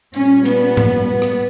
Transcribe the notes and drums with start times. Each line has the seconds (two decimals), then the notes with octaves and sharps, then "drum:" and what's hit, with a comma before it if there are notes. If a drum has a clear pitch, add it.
0.14 A#2 G3 C#4, drum: hi-hat
0.45 B3, drum: cymbal
0.77 drum: tom G#2
1.06 B3
1.22 drum: rim click